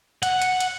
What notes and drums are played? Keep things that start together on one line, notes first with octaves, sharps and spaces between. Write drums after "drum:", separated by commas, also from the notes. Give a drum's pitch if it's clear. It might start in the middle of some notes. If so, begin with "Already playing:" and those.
F#5, drum: hi-hat
drum: hi-hat
drum: hi-hat